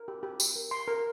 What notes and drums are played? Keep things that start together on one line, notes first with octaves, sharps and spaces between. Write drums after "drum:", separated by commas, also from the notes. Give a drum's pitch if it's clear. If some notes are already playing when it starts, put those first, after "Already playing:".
Already playing: A#4
G4
G4
G4, drum: tambourine
A#4
C6
A#4